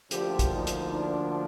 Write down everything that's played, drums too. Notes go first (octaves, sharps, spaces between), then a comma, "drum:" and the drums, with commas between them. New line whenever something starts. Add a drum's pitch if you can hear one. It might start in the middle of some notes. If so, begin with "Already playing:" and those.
D2 D3 F3 A#3 G4, drum: hi-hat
drum: kick, hi-hat
D#4
drum: hi-hat
D4